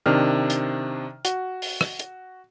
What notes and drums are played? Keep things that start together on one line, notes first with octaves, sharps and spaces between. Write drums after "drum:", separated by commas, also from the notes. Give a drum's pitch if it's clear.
C3 D#3 D4 F6
drum: hi-hat
F#4, drum: hi-hat
drum: open hi-hat
drum: rim click
drum: hi-hat